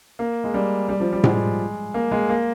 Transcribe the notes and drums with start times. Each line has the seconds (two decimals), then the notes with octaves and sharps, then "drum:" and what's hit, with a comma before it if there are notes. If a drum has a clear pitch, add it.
0.19 A#3
0.44 G#3
0.54 G3
0.89 G3
1.00 F3
1.12 G3
1.24 G#3, drum: tom A2
1.94 A#3
2.12 G#3
2.29 A#3